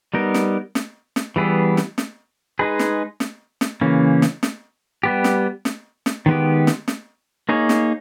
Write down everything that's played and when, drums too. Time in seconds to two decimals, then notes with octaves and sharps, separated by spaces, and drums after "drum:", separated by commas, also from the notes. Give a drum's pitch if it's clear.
0.14 G3 B3 D#4 A#4
0.34 drum: snare
0.75 drum: snare
1.16 drum: snare
1.36 E3 G3 B3 E4 G#4
1.77 drum: snare
1.98 drum: snare
2.59 G#3 D#4 G#4 B4
2.79 drum: snare
3.20 drum: snare
3.61 drum: snare
3.81 C#3 E3 A#3 C#4
4.22 drum: snare
4.43 drum: snare
5.03 G3 B3 G4
5.24 drum: snare
5.65 drum: snare
6.06 drum: snare
6.26 D#3 G#3 B3 G4
6.67 drum: snare
6.88 drum: snare
7.49 A#3 D#4 G#4 C#5
7.69 drum: snare